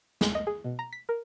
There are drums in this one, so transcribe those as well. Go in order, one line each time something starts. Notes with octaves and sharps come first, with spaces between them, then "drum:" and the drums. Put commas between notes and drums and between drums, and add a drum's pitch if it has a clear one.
G#3, drum: snare
D#5
G#4
B2
A#5
B6
A#4